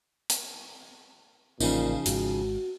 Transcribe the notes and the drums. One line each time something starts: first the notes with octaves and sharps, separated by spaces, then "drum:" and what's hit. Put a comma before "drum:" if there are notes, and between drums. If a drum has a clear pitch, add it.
drum: hi-hat
A1 A#2 C#3 F3 D#4, drum: tambourine
G#1 G#2 F#4, drum: hi-hat